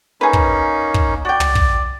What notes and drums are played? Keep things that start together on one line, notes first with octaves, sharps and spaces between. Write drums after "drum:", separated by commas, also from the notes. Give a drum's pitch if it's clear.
A#3 C#4 D#4 G#4 B4
drum: kick
drum: kick
F#4 D5 G5
drum: tom
drum: kick